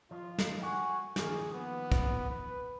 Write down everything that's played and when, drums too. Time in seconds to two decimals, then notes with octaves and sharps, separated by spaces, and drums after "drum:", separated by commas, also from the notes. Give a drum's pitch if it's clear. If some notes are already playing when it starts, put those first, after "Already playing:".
0.11 F3 F4
0.38 drum: snare
0.62 F#4 G#5
1.16 D#3 F3 A#3 G#4, drum: snare
1.53 B3
1.92 drum: kick, hi-hat
2.30 B4